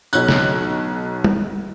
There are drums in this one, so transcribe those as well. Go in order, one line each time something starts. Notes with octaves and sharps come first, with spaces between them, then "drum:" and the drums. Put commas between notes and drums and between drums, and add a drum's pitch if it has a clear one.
B1 C#5 F#6, drum: tambourine
drum: snare
drum: tom